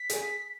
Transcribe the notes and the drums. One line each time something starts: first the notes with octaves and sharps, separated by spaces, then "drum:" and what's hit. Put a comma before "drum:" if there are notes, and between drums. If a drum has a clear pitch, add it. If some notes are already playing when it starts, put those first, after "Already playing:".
Already playing: B6
G#4, drum: hi-hat